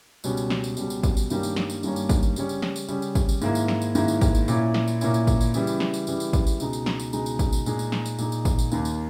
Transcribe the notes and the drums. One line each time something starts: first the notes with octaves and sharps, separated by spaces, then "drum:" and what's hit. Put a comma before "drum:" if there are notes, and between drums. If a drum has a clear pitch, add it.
C#2 B2 G3 C#4, drum: tambourine
drum: tambourine
drum: snare
drum: tambourine
C#2 B2 G3 C#4, drum: tambourine
drum: tambourine
drum: kick, tambourine
drum: tambourine
G2 D#3 G3 A#3 C#4, drum: tambourine
drum: tambourine
drum: snare
drum: tambourine
G2 D#3 G3 A#3 C#4, drum: tambourine
drum: tambourine
drum: kick, tambourine
drum: tambourine
C#3 G3 C#4, drum: tambourine
drum: tambourine
drum: snare
drum: tambourine
C#3 G3 C#4, drum: tambourine
drum: tambourine
drum: kick, tambourine
drum: tambourine
G#2 D#3 A#3 E4, drum: tambourine
drum: tambourine
drum: snare
drum: tambourine
G#2 D#3 A#3 E4, drum: tambourine
drum: tambourine
drum: kick, tambourine
drum: tambourine
A#2 A#3 C#4 E4, drum: tambourine
drum: snare
drum: tambourine
A#2 A#3 C#4 E4, drum: tambourine
drum: tambourine
drum: kick, tambourine
drum: tambourine
C#3 E3 G3, drum: tambourine
drum: tambourine
drum: snare
drum: tambourine
C#3 E3 G3, drum: tambourine
drum: tambourine
drum: kick, tambourine
drum: tambourine
C#2 B2 G#3 D#4, drum: tambourine
drum: tambourine
drum: snare
drum: tambourine
C#2 B2 G#3 D#4, drum: tambourine
drum: tambourine
drum: kick, tambourine
drum: tambourine
A#2 G#3 D#4, drum: tambourine
drum: tambourine
drum: snare
drum: tambourine
A#2 G#3 D#4, drum: tambourine
drum: tambourine
drum: kick, tambourine
drum: tambourine
D#2 D#3 A#3, drum: tambourine
drum: tambourine